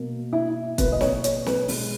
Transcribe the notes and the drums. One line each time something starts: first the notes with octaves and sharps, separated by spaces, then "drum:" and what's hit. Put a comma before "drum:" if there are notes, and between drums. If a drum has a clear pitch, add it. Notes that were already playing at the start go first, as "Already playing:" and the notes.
Already playing: B2 A#3
E4
B2 A#3 B4, drum: kick, hi-hat
D#5
C#5, drum: snare
C#5, drum: hi-hat
B4, drum: snare
B2 G#3, drum: open hi-hat